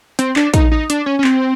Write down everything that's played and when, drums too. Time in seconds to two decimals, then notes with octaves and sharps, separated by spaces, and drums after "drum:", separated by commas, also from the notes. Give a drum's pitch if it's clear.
0.19 C4, drum: hi-hat
0.36 D4, drum: clap
0.54 D#4, drum: kick, hi-hat
0.72 D#4
0.90 D4, drum: hi-hat
1.06 C#4
1.19 C#4
1.24 C4, drum: clap